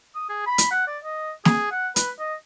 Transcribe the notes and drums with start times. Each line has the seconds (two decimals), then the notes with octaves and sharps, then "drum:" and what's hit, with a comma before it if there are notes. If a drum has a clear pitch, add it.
0.15 D#6
0.29 G#4
0.46 B5
0.58 drum: hi-hat
0.71 F#5
0.87 D5
1.04 D#5
1.45 G#4, drum: snare
1.71 F#5
1.96 B4, drum: hi-hat
2.19 D#5